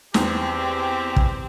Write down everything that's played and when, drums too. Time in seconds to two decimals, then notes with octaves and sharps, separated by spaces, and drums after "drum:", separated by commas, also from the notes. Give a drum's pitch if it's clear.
0.14 E2 C4 G4, drum: snare
1.16 drum: kick